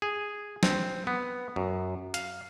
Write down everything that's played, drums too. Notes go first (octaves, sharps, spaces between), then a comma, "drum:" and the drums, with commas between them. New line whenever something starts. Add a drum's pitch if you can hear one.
G#4
C4, drum: snare
B3
F#2
F5, drum: hi-hat